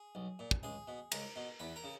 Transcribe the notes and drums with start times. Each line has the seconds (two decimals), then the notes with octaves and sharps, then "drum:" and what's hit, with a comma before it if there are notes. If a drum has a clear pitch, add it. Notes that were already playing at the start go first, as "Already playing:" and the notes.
Already playing: G#4
0.15 B1
0.39 A#2
0.51 drum: kick
0.63 C#2 G#4
0.88 B2
1.12 C#2 A#4, drum: cymbal
1.36 B2
1.60 E2 B4
1.76 A#4
1.84 C#3